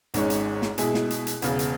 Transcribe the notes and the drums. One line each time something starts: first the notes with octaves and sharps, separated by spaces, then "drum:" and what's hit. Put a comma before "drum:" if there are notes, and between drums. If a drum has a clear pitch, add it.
G#1 G#2 G#3 C#4, drum: hi-hat
drum: hi-hat
drum: snare
B2 G#3 E4 G#4, drum: hi-hat
drum: snare
drum: hi-hat
drum: hi-hat
E1 E2 C#3, drum: hi-hat
drum: hi-hat